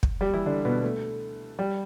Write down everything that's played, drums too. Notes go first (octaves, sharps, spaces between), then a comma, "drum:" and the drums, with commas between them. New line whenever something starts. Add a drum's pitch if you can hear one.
drum: kick
G3 G4
E3 E4
D3 D4
B2 B3
A3
G3